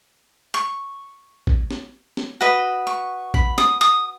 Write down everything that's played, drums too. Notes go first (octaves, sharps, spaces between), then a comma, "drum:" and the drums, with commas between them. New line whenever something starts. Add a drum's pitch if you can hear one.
C#6
drum: kick
drum: snare
drum: snare
F#4 B4 D#5
C#6
B5, drum: kick
D#6, drum: snare
D#6